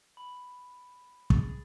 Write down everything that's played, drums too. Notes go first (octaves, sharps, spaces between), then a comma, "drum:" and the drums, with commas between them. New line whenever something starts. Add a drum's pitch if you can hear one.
B5
G#4 A6, drum: kick